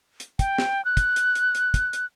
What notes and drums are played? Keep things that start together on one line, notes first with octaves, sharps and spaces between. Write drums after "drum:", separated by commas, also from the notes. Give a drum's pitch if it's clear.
drum: hi-hat
G5, drum: kick, hi-hat
drum: snare
F#6
drum: kick, hi-hat
drum: hi-hat
drum: hi-hat
drum: hi-hat
drum: kick, hi-hat
drum: hi-hat